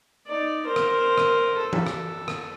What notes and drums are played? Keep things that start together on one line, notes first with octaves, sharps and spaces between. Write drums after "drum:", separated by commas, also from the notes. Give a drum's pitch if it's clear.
D#4 D5
A#4 C5
drum: rim click
drum: rim click
A4
drum: tom E3
drum: rim click
drum: rim click